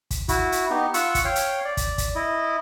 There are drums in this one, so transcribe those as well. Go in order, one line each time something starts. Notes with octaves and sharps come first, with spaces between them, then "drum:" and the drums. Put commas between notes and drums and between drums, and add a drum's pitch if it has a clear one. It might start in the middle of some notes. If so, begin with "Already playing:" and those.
drum: kick, hi-hat
E4 F#4, drum: kick, hi-hat
drum: hi-hat
B3 D#4 G4
F4 F#5 C#6 E6, drum: hi-hat
drum: kick, hi-hat
C#5 F5 G5
drum: hi-hat
D5
drum: kick, hi-hat
drum: kick, hi-hat
E4 D#5